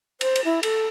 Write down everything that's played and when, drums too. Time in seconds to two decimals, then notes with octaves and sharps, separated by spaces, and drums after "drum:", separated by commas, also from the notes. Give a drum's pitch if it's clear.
0.21 C5, drum: cymbal
0.36 drum: cymbal
0.45 E4
0.63 A4, drum: cymbal